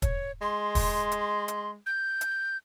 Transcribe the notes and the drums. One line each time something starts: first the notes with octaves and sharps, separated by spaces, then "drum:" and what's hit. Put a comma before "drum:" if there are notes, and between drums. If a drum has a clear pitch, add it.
C#5, drum: kick, hi-hat
G#3 C6
drum: kick, open hi-hat
drum: hi-hat
drum: hi-hat
G6
drum: hi-hat